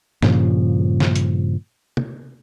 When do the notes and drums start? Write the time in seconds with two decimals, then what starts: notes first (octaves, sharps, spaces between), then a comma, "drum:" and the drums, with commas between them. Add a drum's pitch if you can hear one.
0.22 G2 A#2 C#3 F3, drum: snare
1.00 drum: snare
1.16 drum: hi-hat
1.97 drum: tom